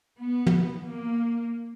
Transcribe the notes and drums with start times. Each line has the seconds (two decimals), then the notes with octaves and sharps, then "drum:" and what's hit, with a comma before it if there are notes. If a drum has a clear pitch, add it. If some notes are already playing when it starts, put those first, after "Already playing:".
0.17 B3
0.46 drum: tom
0.86 A#3